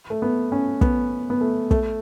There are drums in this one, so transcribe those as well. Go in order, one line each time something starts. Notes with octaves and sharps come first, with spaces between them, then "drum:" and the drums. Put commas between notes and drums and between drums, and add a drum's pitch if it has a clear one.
A3
B3
C#4
B3, drum: kick
B3
A3
A3, drum: kick